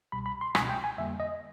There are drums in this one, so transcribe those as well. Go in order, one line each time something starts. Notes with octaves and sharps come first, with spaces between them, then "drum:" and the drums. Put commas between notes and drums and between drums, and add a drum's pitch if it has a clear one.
C2 B2 G3 B5
B5
C6
C#2 B2 G#3 G#5, drum: rim click
G5
G#5
F2 D3 G3 A#3 E5
D#5